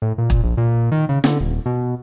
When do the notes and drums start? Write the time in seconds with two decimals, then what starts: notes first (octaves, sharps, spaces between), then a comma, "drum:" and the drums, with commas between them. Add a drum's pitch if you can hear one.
0.02 A2
0.18 A#2
0.30 drum: kick
0.43 A#1
0.57 A#2
0.92 D#3
1.09 C#3
1.24 D3, drum: snare
1.41 D#1
1.66 B2